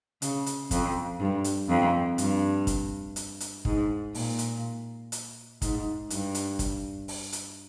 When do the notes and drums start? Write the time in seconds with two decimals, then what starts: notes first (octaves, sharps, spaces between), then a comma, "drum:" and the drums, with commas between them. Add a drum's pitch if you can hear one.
0.22 C#3, drum: hi-hat
0.46 drum: hi-hat
0.71 F2, drum: kick, hi-hat
1.20 G2
1.44 drum: hi-hat
1.69 F2
2.18 G2, drum: hi-hat
2.67 drum: kick, hi-hat
3.16 drum: hi-hat
3.40 drum: hi-hat
3.65 G#2, drum: kick
4.15 A#2, drum: open hi-hat
4.38 drum: hi-hat
5.12 drum: hi-hat
5.62 G#2, drum: kick, hi-hat
6.10 G2, drum: hi-hat
6.35 drum: hi-hat
6.59 drum: kick, hi-hat
7.08 drum: open hi-hat
7.33 drum: hi-hat